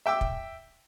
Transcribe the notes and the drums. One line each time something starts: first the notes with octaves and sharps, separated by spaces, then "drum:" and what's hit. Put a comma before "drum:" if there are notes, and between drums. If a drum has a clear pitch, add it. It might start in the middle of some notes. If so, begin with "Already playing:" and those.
E5 G5 D6 E6
drum: kick